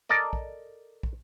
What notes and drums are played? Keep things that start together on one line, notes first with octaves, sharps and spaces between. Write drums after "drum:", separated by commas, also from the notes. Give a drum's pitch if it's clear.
A4 A#4 D5 D#5
drum: kick
drum: kick